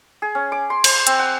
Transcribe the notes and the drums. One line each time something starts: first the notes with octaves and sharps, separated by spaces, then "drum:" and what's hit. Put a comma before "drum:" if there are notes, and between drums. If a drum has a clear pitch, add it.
G#4
C#4
D6
C6
C5, drum: cymbal
C4, drum: hi-hat
F#5